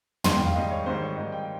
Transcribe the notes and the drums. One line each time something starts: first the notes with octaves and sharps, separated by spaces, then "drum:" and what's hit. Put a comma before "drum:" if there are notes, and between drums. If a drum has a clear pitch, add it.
G#2 D#3 G3 C6, drum: tom
G5
F5
G#2 D#3 G3 D#5
C#5
G#2 D#3 G3 C5
C#5
G#2 D#3 G3 D#5
G5